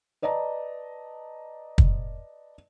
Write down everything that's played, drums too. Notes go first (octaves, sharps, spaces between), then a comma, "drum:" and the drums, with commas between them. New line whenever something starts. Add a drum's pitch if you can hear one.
B4 D5 D#5 A5 A#5
drum: kick